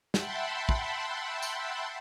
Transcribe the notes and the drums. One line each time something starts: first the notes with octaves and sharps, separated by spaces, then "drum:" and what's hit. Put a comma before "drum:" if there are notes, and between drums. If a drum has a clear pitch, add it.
E5 F#5 G5 A5 B5 C6, drum: snare
drum: kick
drum: tambourine